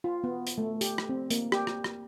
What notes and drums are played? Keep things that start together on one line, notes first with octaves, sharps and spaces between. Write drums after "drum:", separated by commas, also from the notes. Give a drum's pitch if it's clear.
F4
B3
drum: hi-hat
A3
G4, drum: hi-hat
drum: rim click
C4
A#3, drum: hi-hat
G4, drum: rim click
drum: rim click
drum: rim click